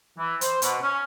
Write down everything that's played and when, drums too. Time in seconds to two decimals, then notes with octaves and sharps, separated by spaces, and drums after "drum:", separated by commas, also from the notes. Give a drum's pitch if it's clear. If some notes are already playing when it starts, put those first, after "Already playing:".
0.18 E3
0.41 C5, drum: hi-hat
0.62 B2, drum: hi-hat
0.81 C#4